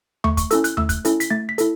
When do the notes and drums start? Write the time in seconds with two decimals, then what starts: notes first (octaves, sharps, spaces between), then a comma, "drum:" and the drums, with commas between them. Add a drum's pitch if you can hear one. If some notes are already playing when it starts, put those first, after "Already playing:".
0.24 A3 C#6, drum: tom D#2
0.37 C#6, drum: kick, hi-hat
0.51 C#4 E4 A4 E6, drum: hi-hat
0.64 F#6, drum: hi-hat
0.77 A3 E6, drum: tom D#2
0.89 F#6, drum: kick, hi-hat
1.05 C#4 E4 A4, drum: hi-hat
1.20 B6, drum: hi-hat
1.31 A3 A6
1.49 B6
1.58 E4 A4, drum: hi-hat